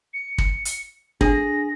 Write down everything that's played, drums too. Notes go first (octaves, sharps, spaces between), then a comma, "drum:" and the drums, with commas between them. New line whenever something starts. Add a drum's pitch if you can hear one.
C#7
drum: kick
drum: hi-hat
D4 G#4 A#6, drum: kick